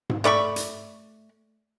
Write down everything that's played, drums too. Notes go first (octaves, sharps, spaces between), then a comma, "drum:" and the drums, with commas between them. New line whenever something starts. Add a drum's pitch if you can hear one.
drum: tom G#2
A3 D5 B5 C#6
drum: hi-hat